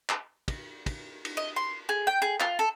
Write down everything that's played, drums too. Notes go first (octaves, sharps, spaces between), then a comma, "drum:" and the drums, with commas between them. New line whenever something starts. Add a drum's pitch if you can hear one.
drum: clap
drum: kick, cymbal
drum: kick, cymbal
drum: cymbal
D#5
C6
G#4
G5
G#4
F4, drum: clap
A4